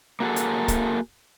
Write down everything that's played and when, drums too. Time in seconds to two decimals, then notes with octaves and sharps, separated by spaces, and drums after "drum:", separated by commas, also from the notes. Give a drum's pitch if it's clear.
0.20 A#3 F#4 G#4 A4
0.36 drum: hi-hat
0.68 drum: kick, hi-hat